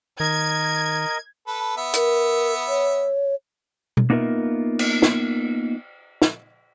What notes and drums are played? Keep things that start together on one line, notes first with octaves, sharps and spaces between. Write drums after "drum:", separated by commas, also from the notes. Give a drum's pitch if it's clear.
D#3 A#4 D#5 G#6
A4 B4
B3 E5
A#4, drum: hi-hat
C#5
drum: tom B2
A#3 B3 D#4 F4 A#4 E5
drum: cymbal
drum: snare
drum: snare